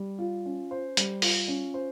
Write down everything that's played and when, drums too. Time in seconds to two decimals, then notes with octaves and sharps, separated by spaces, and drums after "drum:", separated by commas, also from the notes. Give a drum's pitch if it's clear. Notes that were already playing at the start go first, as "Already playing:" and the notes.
Already playing: G3
0.19 F4
0.46 C#4
0.71 C5
0.97 G3, drum: hi-hat
1.22 F4, drum: open hi-hat
1.48 C#4
1.74 C5